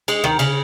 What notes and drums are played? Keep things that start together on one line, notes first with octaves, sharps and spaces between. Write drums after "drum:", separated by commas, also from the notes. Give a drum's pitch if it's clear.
G#3, drum: cymbal
D#3, drum: rim click
C#3, drum: cymbal